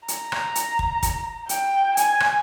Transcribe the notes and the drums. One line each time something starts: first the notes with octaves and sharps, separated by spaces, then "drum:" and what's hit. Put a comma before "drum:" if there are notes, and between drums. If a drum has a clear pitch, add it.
A#5, drum: hi-hat
drum: rim click
drum: hi-hat
drum: kick
drum: kick, hi-hat
G5, drum: hi-hat
G#5, drum: hi-hat
drum: rim click